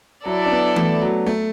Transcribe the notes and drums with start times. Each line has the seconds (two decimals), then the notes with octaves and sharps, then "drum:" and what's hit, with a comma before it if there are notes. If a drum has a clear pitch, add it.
0.25 F#3 E4 A4 D5
0.46 D4
0.51 B3
0.76 A3, drum: tom E3
1.01 F#3
1.26 A3